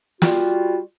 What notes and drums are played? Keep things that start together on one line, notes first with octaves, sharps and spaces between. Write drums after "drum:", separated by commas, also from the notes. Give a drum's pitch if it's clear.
G3 F4 F#4, drum: snare